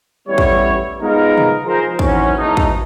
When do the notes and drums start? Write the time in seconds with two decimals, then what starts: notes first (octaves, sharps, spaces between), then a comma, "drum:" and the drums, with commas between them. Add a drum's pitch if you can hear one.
0.28 A1 G3 B3 E4 C#5
0.38 drum: kick
1.02 G#3 B3 D#4 F4 A#4
1.37 drum: tom
1.66 F3 G#4 A#4 C5
1.99 D#3 E3 F#3 C4 C#4, drum: kick
2.37 F#1 E3 A3 D#4
2.57 drum: kick